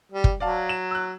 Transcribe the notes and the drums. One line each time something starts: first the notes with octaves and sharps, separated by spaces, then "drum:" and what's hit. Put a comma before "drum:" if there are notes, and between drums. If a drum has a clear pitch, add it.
G3
drum: kick
F#3 D5 F5 A5
E7
E6 F#6